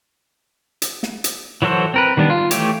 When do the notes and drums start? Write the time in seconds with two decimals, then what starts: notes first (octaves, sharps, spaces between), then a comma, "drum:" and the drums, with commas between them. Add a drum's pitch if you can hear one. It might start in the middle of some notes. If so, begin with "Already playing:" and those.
0.82 drum: hi-hat
1.03 drum: snare
1.24 drum: hi-hat
1.62 E3 F#3 F#4 A4 C5
1.94 C4 A#4 B4
2.17 D#3 G3 B3 D4
2.30 F4
2.51 E3 A3 G4 C#5, drum: hi-hat